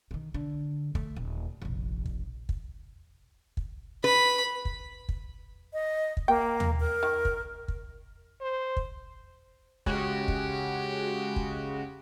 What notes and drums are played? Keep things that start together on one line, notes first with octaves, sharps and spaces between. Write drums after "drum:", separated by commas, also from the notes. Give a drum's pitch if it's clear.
D3 D#3
D3
A3, drum: kick
D#1
F1 A#1
drum: kick
drum: kick
drum: kick
B4 B5
drum: kick
drum: kick
D#5
drum: kick
A#3 G5
drum: tom D#2
A#4
D#3
drum: kick
drum: kick
C5
drum: kick
C#3 G#3 F#4 G4, drum: kick
drum: kick
drum: kick